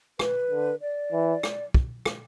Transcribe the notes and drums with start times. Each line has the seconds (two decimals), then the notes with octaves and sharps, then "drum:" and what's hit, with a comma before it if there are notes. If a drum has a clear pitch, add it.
0.19 B4, drum: rim click
0.50 D3
0.81 D5
1.12 E3
1.43 drum: rim click
1.74 drum: kick
2.06 drum: rim click